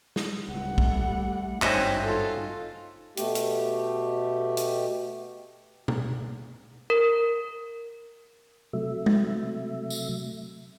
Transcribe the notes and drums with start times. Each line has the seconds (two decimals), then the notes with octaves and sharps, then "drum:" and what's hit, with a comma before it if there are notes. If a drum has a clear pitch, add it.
0.16 drum: snare
0.48 D1 C#2 G3 F#5
0.78 A3, drum: kick
1.62 G#1 G2 C4 C#4 D#4 F#4 D#5 E5, drum: clap
2.03 F4 A4
3.17 B2 A3 G4, drum: hi-hat
3.35 drum: hi-hat
4.57 drum: hi-hat
5.88 drum: tom B2
6.90 A#4
8.73 C3 F#3 A3 E5
9.06 drum: tom
9.90 drum: tambourine